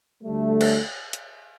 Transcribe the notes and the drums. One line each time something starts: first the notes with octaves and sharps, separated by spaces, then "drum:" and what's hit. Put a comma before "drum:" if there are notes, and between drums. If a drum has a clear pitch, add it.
D2 D3 G3 A3
drum: cymbal
drum: hi-hat